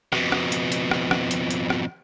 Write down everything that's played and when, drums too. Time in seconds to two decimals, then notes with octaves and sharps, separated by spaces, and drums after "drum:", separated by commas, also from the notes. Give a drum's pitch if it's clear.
0.13 F2 B2, drum: rim click
0.32 drum: rim click
0.52 drum: hi-hat
0.72 drum: hi-hat
0.91 drum: rim click
1.11 drum: rim click
1.31 drum: hi-hat
1.51 drum: hi-hat
1.70 drum: rim click